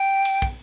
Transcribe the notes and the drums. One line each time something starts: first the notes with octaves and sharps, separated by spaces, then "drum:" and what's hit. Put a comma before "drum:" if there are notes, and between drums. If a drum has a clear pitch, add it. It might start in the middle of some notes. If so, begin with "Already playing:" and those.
Already playing: G5
drum: cymbal
drum: kick